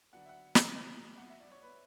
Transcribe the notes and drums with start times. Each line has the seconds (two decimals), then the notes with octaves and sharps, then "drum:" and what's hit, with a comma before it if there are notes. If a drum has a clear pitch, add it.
0.13 D3 F#3 B3 D4 F#5
0.25 E5
0.29 F#5
0.55 drum: snare
1.18 F#5
1.30 E5
1.40 D5
1.51 C#5
1.62 B4